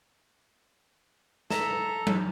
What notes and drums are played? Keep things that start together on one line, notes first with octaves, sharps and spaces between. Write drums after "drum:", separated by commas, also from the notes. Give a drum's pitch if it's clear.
A4 E5 A#5, drum: snare
drum: tom F#3